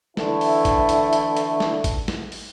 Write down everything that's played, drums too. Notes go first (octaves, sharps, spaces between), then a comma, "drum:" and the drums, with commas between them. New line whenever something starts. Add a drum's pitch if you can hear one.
D3 E3 A3 E4, drum: snare
drum: open hi-hat
drum: kick A1, hi-hat
drum: hi-hat
drum: hi-hat
drum: hi-hat
drum: snare
drum: kick A1, hi-hat
drum: snare
drum: open hi-hat